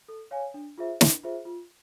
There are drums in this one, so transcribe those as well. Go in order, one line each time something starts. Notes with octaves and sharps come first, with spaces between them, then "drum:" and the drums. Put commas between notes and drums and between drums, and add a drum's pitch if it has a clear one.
A4
C#5 F5 G#5
D4
F4 G#4 C5 E5
D4, drum: snare
F4 G#4 C5 E5
F4